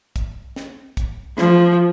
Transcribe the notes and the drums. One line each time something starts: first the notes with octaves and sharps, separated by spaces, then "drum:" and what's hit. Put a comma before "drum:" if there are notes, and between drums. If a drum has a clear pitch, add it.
drum: kick, hi-hat
drum: snare
drum: kick, hi-hat
F3, drum: snare